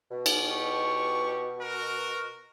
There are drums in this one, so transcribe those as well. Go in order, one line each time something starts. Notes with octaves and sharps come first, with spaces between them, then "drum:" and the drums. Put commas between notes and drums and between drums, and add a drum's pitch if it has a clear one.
B2
drum: cymbal
G4 C#6
F#4 A#4